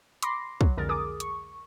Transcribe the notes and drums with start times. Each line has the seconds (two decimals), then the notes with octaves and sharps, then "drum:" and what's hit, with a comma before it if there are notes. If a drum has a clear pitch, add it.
0.22 B5 C6 D6 A#6 C7, drum: hi-hat
0.61 F#3, drum: kick
0.77 C2 F2 D3 G#3 A#4 A6
0.89 G#4 A#4 D6 D#6
1.20 C#6, drum: hi-hat